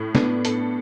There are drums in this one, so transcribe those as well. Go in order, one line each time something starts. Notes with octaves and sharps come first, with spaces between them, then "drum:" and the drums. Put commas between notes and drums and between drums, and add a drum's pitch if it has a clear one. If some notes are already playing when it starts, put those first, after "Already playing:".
Already playing: A2
B3 D4, drum: snare
A4, drum: hi-hat